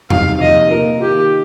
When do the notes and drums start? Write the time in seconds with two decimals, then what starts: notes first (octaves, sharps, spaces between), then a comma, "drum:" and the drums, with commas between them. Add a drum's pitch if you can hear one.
0.10 C3 G3 C4 D#4 F5, drum: tom E2
0.40 C3 F3 A#3 D#4 D#5
0.70 A#2 A#3 F4 A#4
1.00 D#3 A#3 F4 G4